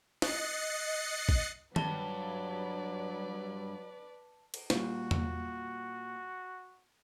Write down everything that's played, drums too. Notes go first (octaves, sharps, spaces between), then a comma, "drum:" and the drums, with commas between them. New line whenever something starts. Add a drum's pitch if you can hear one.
D#5 F#6 A6 C7 C#7, drum: snare
drum: kick
G2 F#3 B4 D5 A5 G7, drum: tom D#3
drum: cymbal
A#2 G3 F#4, drum: snare
drum: tom E2